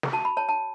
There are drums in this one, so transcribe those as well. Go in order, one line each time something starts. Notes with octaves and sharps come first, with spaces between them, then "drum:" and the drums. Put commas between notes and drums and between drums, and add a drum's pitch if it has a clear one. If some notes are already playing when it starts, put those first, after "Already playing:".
drum: snare
F#4 A5
B5
C#5 A5
A5